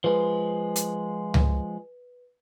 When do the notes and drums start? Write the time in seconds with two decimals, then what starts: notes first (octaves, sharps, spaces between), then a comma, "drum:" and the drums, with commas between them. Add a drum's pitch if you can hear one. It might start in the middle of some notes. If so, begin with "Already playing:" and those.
0.04 F3 G#3 B4
0.76 drum: hi-hat
1.34 drum: tom C#2